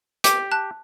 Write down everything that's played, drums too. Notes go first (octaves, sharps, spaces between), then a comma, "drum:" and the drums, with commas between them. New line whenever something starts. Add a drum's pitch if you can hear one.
G4 D6, drum: hi-hat
A5 F#6